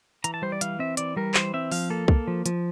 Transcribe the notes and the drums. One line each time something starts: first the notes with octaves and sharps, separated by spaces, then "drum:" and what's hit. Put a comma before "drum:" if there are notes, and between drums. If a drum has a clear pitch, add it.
E3 A#5, drum: hi-hat
A5
G3 C5
D5
E3 F5, drum: hi-hat
C4 E5
E3 D5, drum: hi-hat
G3 A#4
E3 C5, drum: clap
C4 E5
F3 F5, drum: open hi-hat
A#3 A4
A#3, drum: kick
F3
F3, drum: hi-hat